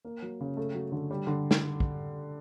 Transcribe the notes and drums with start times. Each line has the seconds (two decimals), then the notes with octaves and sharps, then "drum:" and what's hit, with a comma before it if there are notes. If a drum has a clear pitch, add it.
0.05 A#3
0.22 F#3
0.41 C#3
0.57 A3
0.74 F#3
0.92 D3
1.11 G3
1.27 D3
1.51 drum: snare
1.80 drum: kick